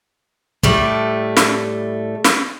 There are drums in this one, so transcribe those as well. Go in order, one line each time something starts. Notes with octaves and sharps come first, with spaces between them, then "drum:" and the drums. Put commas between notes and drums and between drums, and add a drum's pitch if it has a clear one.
A2 G3 A3, drum: kick
drum: snare
drum: snare